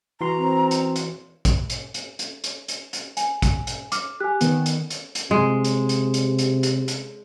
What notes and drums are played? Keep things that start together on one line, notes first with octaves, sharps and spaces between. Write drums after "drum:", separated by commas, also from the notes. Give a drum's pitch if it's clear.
E3 F#4 A#5 C6
C4
drum: hi-hat
drum: hi-hat
drum: kick, hi-hat
drum: hi-hat
drum: hi-hat
drum: hi-hat
drum: hi-hat
drum: hi-hat
drum: hi-hat
G#5, drum: hi-hat
drum: kick, hi-hat
drum: hi-hat
D6 F6, drum: hi-hat
G4 G#5 F#6
D#3 B3, drum: hi-hat
drum: hi-hat
drum: hi-hat
drum: hi-hat
C3 G#3
drum: hi-hat
drum: hi-hat
drum: hi-hat
drum: hi-hat
drum: hi-hat
drum: hi-hat